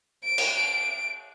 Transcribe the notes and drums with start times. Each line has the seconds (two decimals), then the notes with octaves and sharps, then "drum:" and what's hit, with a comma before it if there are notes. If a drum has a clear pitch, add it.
0.24 D7
0.38 drum: cymbal